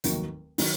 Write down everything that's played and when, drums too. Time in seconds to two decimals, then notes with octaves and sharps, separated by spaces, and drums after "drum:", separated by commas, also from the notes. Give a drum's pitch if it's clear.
0.04 F1 D#2 D#3 F#3, drum: hi-hat
0.58 D#3 F#3, drum: open hi-hat